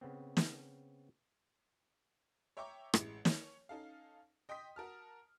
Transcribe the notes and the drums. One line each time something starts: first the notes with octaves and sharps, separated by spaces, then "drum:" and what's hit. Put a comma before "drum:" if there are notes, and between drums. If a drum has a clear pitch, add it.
C#3 B3 C4
drum: snare
C#5 E5 G5 A#5 C#6 D6
A1 G#3 E4, drum: rim click
C#5, drum: snare
C#4 D#4 A4 F5
D#5 G5 C6 D#6 B6
F#4 A#4 A5 F6